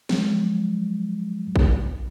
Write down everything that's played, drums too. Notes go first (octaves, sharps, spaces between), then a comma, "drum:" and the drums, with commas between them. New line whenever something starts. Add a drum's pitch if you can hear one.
F3 F#3 G#3, drum: snare
drum: kick G#1